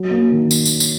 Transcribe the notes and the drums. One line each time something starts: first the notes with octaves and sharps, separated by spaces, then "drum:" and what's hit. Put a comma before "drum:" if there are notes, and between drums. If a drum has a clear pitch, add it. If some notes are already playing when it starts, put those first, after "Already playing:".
Already playing: F#3
A#3
D#3
drum: tambourine
drum: tambourine
drum: tambourine